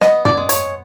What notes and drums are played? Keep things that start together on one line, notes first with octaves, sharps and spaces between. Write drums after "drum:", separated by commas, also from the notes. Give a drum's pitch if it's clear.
B3 D#5, drum: snare
D5, drum: tom
G#3
C#5, drum: hi-hat